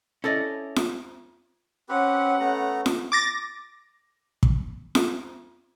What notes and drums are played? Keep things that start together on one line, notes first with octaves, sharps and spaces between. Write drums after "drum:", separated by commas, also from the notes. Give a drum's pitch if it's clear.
C#4 E4 A4 D5 D#5
drum: snare F4
C4 C#4 G4 B4 F#5
A3 B3 A#5
drum: snare F4
D6 A6 A#6
drum: kick
drum: snare F4